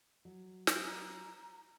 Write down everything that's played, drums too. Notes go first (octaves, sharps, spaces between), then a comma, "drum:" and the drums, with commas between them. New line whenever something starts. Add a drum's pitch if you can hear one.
F#3
drum: snare
A#5